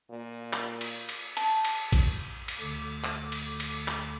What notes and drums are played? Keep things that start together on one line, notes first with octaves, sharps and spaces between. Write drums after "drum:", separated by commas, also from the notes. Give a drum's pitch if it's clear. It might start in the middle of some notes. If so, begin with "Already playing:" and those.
A#2
drum: clap
drum: cymbal
drum: cymbal
A5, drum: cymbal
drum: cymbal
drum: kick A#1, cymbal
drum: cymbal
D2 D3 D6
drum: clap
drum: cymbal
drum: cymbal
drum: clap